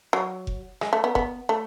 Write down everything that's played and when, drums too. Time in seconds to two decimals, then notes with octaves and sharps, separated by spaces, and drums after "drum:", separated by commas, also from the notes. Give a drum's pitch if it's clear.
0.13 F#3
0.47 drum: kick F1
0.81 G#3, drum: rim click
0.93 A3
1.04 B3
1.15 B3, drum: kick F1
1.49 A3